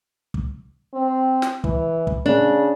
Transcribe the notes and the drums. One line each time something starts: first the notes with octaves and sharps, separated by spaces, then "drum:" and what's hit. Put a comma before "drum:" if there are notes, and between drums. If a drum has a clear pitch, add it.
drum: kick
C4
drum: snare
E3, drum: kick
drum: kick
C#3 D4